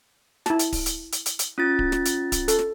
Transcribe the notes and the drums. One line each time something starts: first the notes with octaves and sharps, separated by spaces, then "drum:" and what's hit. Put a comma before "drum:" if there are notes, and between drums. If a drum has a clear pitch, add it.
E4 A5, drum: snare
drum: hi-hat
drum: kick D1, open hi-hat
drum: hi-hat
drum: hi-hat
drum: hi-hat
drum: hi-hat
C#4 F4 A6
drum: kick D1
drum: snare
drum: hi-hat
drum: kick D1, hi-hat
A4, drum: hi-hat
drum: snare